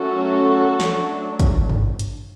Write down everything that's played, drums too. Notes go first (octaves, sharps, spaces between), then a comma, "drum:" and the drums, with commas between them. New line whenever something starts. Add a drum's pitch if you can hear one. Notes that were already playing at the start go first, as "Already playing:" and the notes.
Already playing: F#3 A3 C#4 F#4 A4
F#3 A3 D4, drum: snare
drum: kick, hi-hat
drum: tom G2
drum: hi-hat